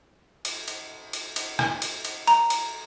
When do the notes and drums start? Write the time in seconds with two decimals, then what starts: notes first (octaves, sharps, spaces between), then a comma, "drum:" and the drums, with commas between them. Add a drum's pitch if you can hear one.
0.45 drum: cymbal
0.68 drum: cymbal
1.13 drum: cymbal
1.36 drum: cymbal
1.59 drum: rim click
1.82 drum: cymbal
2.05 drum: cymbal
2.27 A#5, drum: cymbal
2.50 drum: cymbal